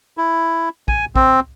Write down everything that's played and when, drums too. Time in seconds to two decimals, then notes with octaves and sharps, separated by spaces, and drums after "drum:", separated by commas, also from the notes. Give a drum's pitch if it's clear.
0.17 E4
0.88 G#5, drum: kick A#1
1.16 C4, drum: kick A#1